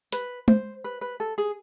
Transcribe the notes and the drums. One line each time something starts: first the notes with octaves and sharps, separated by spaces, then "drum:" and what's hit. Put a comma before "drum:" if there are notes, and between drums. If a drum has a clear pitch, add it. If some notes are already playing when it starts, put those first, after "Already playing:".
B4, drum: hi-hat
C5, drum: tom G#3
B4
B4
A4
G#4